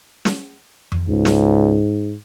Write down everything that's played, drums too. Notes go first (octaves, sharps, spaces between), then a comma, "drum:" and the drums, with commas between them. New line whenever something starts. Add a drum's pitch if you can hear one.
drum: snare
drum: tom F2
C#2 G#2
drum: snare